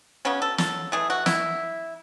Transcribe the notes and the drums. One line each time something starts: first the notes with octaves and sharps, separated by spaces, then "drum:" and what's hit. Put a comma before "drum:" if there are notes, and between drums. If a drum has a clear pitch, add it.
C#3 F#3 B3 C#4
A4
A4, drum: snare
E3 A3 G#4
F#4
E4, drum: snare